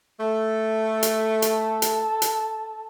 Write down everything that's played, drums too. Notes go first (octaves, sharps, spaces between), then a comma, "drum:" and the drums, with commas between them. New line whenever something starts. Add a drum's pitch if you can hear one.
A3
drum: hi-hat
A4, drum: hi-hat
drum: hi-hat
drum: hi-hat